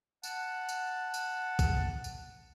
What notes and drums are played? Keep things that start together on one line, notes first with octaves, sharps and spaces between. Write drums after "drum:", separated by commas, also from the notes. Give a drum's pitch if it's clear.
F#5 A5, drum: tambourine
drum: tambourine
drum: tambourine
drum: kick, tambourine
drum: tambourine